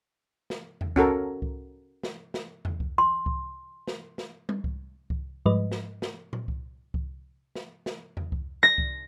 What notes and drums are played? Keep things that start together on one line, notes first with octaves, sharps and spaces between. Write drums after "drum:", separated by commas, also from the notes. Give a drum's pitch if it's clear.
drum: snare
drum: tom E2
C#4 F#4 A4 A#4, drum: kick C2
drum: kick C2
drum: snare
drum: snare
drum: tom E2
drum: kick C2
C6
drum: kick C2
drum: snare
drum: snare
drum: tom G3
drum: kick C2
drum: kick C2
G#2 F3 G3 G#3 B4 D#5
drum: snare
drum: snare
drum: tom A#2
drum: kick C2
drum: kick C2
drum: snare
drum: snare
drum: tom E2
drum: kick C2
A#6
drum: kick C2